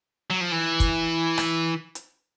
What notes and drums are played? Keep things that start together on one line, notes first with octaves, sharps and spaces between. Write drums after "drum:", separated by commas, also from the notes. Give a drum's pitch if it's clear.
F#3
F3
E3
drum: kick, hi-hat
drum: rim click
drum: hi-hat